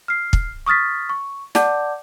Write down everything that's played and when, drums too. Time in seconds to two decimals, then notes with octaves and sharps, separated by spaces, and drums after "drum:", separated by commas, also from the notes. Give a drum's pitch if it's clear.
0.08 F6 C7
0.33 drum: kick
0.66 C#6 D#6 F6 A6 B6
1.09 C#6
1.55 D5 F#5 A5 D6 G6, drum: snare